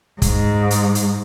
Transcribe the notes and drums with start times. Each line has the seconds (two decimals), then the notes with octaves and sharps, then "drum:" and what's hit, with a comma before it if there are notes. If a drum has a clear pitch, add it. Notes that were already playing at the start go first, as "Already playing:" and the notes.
0.22 G#2, drum: kick, hi-hat
0.71 drum: hi-hat
0.95 drum: hi-hat